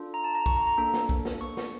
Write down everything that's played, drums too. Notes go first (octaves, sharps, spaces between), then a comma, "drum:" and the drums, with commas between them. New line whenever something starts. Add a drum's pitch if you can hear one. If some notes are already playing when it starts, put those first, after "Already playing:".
Already playing: D4 F4 A4
A#5
A5
A#5
C#6, drum: kick B1
A#5
A#5
A#3 D4 A4
drum: snare
drum: kick B1
drum: snare
C#6
drum: snare